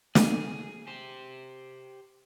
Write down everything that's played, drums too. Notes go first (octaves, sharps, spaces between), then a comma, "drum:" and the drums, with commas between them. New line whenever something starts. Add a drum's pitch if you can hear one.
G#4, drum: snare
G4 C5